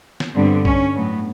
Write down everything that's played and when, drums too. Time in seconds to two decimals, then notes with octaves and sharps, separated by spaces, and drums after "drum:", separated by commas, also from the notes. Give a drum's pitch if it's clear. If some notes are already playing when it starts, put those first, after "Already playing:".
0.20 drum: snare
0.35 G2 D3 G3 B3 C4
0.65 C#4, drum: kick B1
0.94 A2 F#3 B3